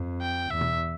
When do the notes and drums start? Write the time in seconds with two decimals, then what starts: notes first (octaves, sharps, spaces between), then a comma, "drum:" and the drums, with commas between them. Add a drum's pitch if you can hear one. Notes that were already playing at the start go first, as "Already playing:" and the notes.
Already playing: F2
0.21 G5
0.50 E2 E5
0.61 drum: tom B2